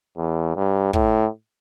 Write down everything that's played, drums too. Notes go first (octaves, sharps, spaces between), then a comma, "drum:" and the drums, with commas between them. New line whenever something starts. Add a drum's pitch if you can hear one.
E2
G2
A2, drum: kick